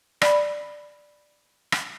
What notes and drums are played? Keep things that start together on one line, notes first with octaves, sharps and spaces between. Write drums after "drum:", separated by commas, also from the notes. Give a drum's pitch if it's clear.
D5 B5, drum: rim click
drum: rim click